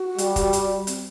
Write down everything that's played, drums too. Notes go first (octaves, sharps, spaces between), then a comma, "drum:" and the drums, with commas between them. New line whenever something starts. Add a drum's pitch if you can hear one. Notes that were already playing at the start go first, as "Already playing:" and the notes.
Already playing: F#4
G3, drum: hi-hat
drum: kick, hi-hat
drum: hi-hat
C4, drum: hi-hat